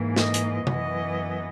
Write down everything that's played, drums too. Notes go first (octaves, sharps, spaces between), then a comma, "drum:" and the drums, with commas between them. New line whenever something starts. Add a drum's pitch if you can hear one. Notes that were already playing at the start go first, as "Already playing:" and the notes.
Already playing: G#2 E3 A#3
D#5, drum: snare
drum: hi-hat
F#2 E3 B3 D#5, drum: tom C3